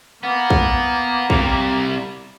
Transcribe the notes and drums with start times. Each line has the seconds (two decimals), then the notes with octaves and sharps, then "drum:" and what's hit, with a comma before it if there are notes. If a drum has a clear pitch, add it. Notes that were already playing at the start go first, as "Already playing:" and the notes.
0.23 A#3 B3
0.50 drum: kick
1.30 C3 G3, drum: kick